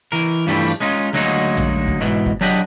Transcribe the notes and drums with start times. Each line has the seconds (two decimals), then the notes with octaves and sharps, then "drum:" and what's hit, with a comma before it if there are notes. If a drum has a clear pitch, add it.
0.12 E3 A#4
0.47 G2 E3 F3 G3 A3
0.67 drum: hi-hat
0.80 G#3 C#4 D#4 F4
1.13 D2 F#3 G#3 A#3 D#4 F#4
1.57 drum: tom A#1
1.88 drum: kick
2.01 G#2 B2 E3
2.26 drum: kick
2.41 F#3 D4 G4 D#5 E5 F#5